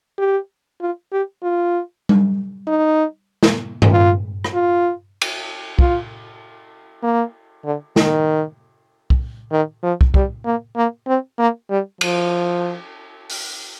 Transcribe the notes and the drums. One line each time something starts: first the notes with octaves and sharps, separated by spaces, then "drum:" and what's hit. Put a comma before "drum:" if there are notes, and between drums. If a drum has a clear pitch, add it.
G4
F4
G4
F4
drum: tom G3
D#4
drum: snare
drum: tom G2
F4
drum: rim click
F4
drum: cymbal
F4, drum: kick
A#3
D3
D#3, drum: snare
drum: kick
D#3
F3
drum: kick
G3, drum: kick
A#3
A#3
C4
A#3
G3
F3, drum: cymbal
drum: open hi-hat